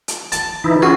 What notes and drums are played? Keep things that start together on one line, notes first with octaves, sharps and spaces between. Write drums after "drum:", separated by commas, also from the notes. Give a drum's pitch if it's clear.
drum: hi-hat
A5, drum: hi-hat
E3 D#4 E4
C#4 F4 F#4 G#4